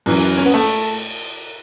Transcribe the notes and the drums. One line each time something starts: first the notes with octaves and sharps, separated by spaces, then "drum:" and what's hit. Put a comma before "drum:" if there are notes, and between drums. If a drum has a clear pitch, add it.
F#2 E3, drum: cymbal
C#4
B3
A3
drum: hi-hat